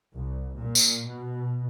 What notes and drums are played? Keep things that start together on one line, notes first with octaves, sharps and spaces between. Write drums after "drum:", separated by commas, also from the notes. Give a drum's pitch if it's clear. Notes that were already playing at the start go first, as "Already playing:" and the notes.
C2
A#2
drum: tambourine
B2